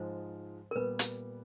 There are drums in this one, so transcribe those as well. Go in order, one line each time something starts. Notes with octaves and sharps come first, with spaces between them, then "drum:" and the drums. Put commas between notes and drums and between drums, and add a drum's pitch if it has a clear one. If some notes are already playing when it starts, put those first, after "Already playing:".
Already playing: G#2 F3 G#3 C5
A#4
A#2 G3 B3 B4
drum: hi-hat